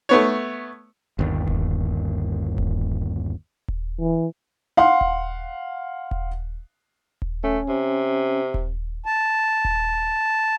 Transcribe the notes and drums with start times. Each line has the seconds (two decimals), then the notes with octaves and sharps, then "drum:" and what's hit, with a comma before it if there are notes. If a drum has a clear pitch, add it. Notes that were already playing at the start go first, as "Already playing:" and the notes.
0.09 A3 B3 C#5
1.19 G1 D#2
1.48 drum: kick D#1
2.58 drum: kick D#1
3.68 drum: kick D#1
3.99 E3
4.77 F5 F#5 C6
5.01 drum: kick D#1
6.11 drum: kick D#1
7.22 drum: kick D#1
7.44 A3 C#4
7.69 C3
8.54 drum: kick D#1
9.06 A5
9.65 drum: kick D#1